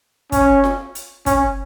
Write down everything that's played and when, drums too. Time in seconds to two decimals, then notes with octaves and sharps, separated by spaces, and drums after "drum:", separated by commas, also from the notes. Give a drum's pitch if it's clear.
0.32 C#4, drum: kick, hi-hat
0.64 drum: snare F4
0.95 drum: hi-hat
1.26 C#4, drum: kick, hi-hat